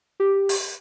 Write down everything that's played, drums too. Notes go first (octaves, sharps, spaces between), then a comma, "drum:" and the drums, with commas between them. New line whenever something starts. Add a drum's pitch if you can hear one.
G4
drum: open hi-hat